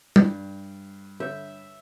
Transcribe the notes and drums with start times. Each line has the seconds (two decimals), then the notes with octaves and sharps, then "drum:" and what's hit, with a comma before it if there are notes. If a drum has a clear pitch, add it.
0.16 G2 D5 G5, drum: tom
1.20 D3 C#5 E5